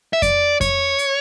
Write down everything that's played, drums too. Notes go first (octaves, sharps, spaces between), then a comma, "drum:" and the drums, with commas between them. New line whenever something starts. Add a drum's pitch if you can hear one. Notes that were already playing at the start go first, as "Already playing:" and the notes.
E5
D5, drum: kick F2, hi-hat
C#5, drum: kick F2, hi-hat
drum: hi-hat